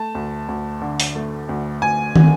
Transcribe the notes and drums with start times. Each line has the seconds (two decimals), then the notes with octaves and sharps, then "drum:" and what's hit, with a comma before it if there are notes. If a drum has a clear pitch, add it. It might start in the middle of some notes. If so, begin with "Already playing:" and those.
Already playing: A3 A5
0.15 D2
0.49 D2
0.82 D3
1.00 drum: open hi-hat
1.15 A3
1.49 D2
1.82 D2 G#5
2.16 D3, drum: tom